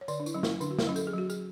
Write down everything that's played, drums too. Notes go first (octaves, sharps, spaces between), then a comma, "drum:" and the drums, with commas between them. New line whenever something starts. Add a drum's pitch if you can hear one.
C#5
D3 D5, drum: tambourine
D4
E4, drum: tambourine
F#3 C#4
E4, drum: snare
D3 D4, drum: tambourine
F#4
E4, drum: snare
F#3 C#4
A4, drum: tambourine
G#4
F#3 F#4
G#4, drum: tambourine